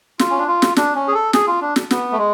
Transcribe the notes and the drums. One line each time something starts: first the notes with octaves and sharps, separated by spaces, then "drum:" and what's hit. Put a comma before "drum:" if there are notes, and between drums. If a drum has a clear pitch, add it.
F4, drum: snare
C#4
D4
F4
drum: snare
D4, drum: snare
C#4
G#4
A4
G#4, drum: snare
F4
D4
drum: snare
B3, drum: snare
A3
G#3